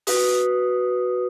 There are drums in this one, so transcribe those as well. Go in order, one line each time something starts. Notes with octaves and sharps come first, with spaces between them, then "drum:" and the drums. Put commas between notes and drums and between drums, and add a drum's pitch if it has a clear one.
F#4 B4 D#6, drum: open hi-hat